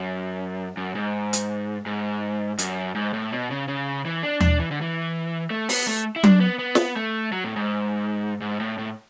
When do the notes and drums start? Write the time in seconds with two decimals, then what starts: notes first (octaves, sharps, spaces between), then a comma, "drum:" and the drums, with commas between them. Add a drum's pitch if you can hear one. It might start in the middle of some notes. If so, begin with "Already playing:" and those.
Already playing: F#2
0.77 F#2
0.95 G#2
1.33 drum: hi-hat
1.86 G#2
2.58 F#2, drum: hi-hat
2.95 G#2
3.14 A2
3.32 B2
3.51 C#3
3.68 C#3
4.05 E3
4.23 D4
4.40 D4, drum: tom D#2
4.59 E3
4.71 D3
4.81 E3
5.50 A3
5.69 B3, drum: open hi-hat
5.87 A3
6.16 E4
6.24 D4, drum: tom F#3
6.41 B3
6.59 B3
6.75 drum: snare
6.96 A3
7.32 F#3
7.44 A2
7.56 G#2
8.41 G#2
8.60 A2
8.78 A2